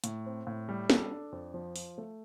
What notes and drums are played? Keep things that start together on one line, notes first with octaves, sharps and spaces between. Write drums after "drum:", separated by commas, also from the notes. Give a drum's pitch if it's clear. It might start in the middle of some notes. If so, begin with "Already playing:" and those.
A2, drum: hi-hat
C4
A2
G3
A4, drum: snare
D4
F2
F3
F4, drum: open hi-hat
A3